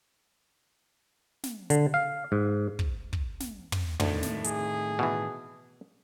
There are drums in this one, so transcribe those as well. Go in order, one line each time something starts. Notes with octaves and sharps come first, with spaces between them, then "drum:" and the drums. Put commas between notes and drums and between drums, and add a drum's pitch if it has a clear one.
drum: snare
D3, drum: hi-hat
F5
G#2
drum: kick
drum: kick
drum: snare
drum: tom
D2 A2 D#3 A3, drum: tom
drum: snare
G#4, drum: hi-hat
B2 E3